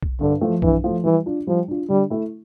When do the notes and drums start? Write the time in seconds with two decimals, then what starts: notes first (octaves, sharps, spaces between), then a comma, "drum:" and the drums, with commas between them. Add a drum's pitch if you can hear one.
0.03 drum: kick B1
0.21 G2 D3
0.41 F3 A3
0.62 G2 E3, drum: kick B1
0.84 F3 A3
1.04 E3 G3
1.26 D4 F4
1.47 F3 G3
1.68 D4 F4
1.89 D3 G3
2.10 A3 E4